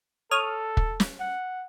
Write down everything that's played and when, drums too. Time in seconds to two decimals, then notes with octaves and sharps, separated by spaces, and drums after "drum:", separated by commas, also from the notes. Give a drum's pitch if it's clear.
0.31 A4 C#5 D#6 F6
0.77 drum: kick
1.00 drum: snare
1.20 F#5